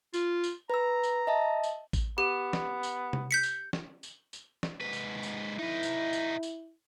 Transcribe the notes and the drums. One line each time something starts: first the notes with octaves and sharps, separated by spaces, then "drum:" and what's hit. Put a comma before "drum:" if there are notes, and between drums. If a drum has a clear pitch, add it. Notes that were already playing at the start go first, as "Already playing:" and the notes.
F4, drum: tambourine
drum: tambourine
B4 A#5 E6
drum: tambourine
D#5 E5 A5
drum: tambourine
drum: kick A1, tambourine
B3 G4
drum: snare
drum: tambourine
drum: tom C3
G6 B6 C#7
drum: tambourine
drum: snare
drum: tambourine
drum: tambourine
drum: snare
G#2 B4
drum: tambourine
drum: tambourine
D#4 E4 B4
drum: tambourine
drum: tambourine
drum: tambourine